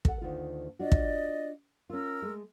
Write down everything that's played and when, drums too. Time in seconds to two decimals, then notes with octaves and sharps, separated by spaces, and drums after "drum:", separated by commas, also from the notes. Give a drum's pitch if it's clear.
0.05 A4 F#5, drum: kick
0.22 D2 D#3 F4
0.79 D4 F4 F#4 D5 D#5
0.92 drum: kick
1.90 C#4 F4 A#4 E6
2.22 G#3 A3